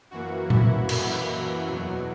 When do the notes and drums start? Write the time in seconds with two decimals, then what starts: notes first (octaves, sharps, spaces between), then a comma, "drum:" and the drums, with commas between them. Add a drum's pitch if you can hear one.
0.11 F#2 E3 A#3 F#4
0.50 E4, drum: tom A#2
0.89 F#4, drum: cymbal
1.68 E2 B2 F#3